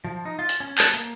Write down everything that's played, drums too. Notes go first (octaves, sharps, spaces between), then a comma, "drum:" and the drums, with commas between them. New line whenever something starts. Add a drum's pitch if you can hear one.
F3
D#4
F4
drum: hi-hat
C#4
A5, drum: clap
A#3, drum: hi-hat